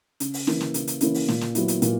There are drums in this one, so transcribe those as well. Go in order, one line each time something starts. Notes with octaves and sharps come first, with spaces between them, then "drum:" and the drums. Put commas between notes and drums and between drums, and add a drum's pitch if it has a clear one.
C#3, drum: hi-hat
drum: open hi-hat
E3 A#3 C#4 E4, drum: snare
drum: snare
C#3, drum: hi-hat
drum: hi-hat
E3 A#3 C#4 E4, drum: hi-hat
drum: open hi-hat
A#2, drum: snare
drum: snare
F#3 B3 E4, drum: hi-hat
drum: hi-hat
A#2, drum: hi-hat